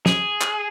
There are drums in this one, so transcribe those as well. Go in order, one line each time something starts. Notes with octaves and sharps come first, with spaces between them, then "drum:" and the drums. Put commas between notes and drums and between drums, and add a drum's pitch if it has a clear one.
G#4, drum: snare
drum: clap